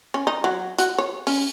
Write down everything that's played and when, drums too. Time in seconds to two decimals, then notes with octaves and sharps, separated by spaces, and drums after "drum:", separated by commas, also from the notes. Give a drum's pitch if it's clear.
0.14 C#4
0.27 D#4
0.44 F#3
0.78 F#4, drum: hi-hat
0.98 C#5
1.27 C#4, drum: open hi-hat